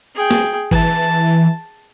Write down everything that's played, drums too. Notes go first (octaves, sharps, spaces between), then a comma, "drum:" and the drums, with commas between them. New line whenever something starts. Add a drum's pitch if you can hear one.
G#4 G5
drum: snare A#3
E3 A5, drum: kick G1